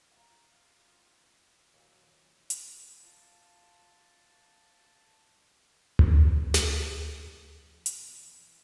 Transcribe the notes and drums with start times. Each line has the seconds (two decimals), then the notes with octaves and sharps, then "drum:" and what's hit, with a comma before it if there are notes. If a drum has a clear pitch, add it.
0.12 F4 F5 A#5
1.73 D#2 A#2 F#3 E4
2.50 drum: hi-hat
3.03 F4 A5
5.99 drum: tom D2
6.29 A5
6.54 C#3, drum: snare
6.87 G2
7.12 C#3
7.53 F3
7.86 drum: hi-hat
7.98 B2
8.17 E2
8.46 E3